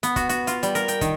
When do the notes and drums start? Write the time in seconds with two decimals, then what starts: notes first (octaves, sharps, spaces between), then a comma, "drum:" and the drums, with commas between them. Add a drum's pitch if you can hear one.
0.03 B3, drum: hi-hat
0.16 F#4, drum: kick, hi-hat
0.29 F#4, drum: hi-hat
0.47 F4, drum: hi-hat
0.63 G3, drum: hi-hat
0.75 A#4, drum: hi-hat
0.88 G5, drum: hi-hat
1.01 D#3, drum: kick, hi-hat